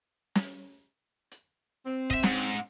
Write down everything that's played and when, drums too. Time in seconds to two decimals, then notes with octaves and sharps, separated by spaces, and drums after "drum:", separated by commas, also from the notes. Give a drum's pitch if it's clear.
0.35 drum: snare
1.31 drum: hi-hat
1.86 C4
2.10 D#5 E5, drum: kick
2.23 G#2, drum: snare